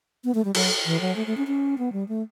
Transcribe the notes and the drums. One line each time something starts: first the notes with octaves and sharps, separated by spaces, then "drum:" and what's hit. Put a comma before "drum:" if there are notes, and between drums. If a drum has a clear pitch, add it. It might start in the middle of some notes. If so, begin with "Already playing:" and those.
B3
A3
G3
F#3, drum: cymbal
E3
F#3
A3
A3
C#4
C#4
B3
G3
A3